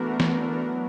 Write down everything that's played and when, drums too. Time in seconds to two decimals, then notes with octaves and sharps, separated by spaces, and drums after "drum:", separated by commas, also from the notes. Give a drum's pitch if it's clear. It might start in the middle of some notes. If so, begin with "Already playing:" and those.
Already playing: E3 A3 B3 D4 F#4 A#4
0.20 drum: snare E3
0.59 F#3